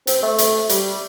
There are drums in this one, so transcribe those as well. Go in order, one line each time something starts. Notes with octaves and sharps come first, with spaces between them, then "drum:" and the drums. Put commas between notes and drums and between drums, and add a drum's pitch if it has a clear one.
C4, drum: hi-hat
A3
drum: hi-hat
G3, drum: hi-hat